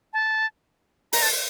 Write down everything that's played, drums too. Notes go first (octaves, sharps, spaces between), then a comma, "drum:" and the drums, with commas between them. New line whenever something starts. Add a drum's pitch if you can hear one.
A5
A#5, drum: open hi-hat
A5